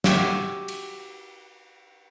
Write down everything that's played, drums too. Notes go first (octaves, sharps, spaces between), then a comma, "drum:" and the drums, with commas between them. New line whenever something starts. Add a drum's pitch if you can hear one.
F#4 G4 E5 G5 G#5, drum: snare
drum: cymbal